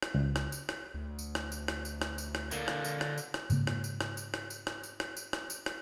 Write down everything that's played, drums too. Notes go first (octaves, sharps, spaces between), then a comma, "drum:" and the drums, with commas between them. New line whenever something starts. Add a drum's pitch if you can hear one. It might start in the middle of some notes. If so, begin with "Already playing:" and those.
drum: rim click
C#2
drum: rim click
drum: tambourine
drum: rim click
D2
drum: tambourine
drum: rim click
drum: tambourine
drum: rim click
drum: tambourine
drum: rim click
drum: tambourine
drum: rim click
D3 A#3, drum: tambourine
drum: rim click
drum: tambourine
drum: rim click
drum: tambourine
drum: rim click
G#2 C#3 A#3, drum: tambourine
drum: rim click
drum: tambourine
drum: rim click
drum: tambourine
drum: rim click
drum: tambourine
drum: rim click
drum: tambourine
drum: rim click
drum: tambourine
drum: rim click
drum: tambourine
drum: rim click